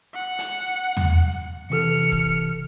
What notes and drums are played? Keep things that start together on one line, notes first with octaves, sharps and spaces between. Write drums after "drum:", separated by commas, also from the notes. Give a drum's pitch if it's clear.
F#5
drum: hi-hat
drum: tom
C3 E3 A4 F6 C#7
drum: kick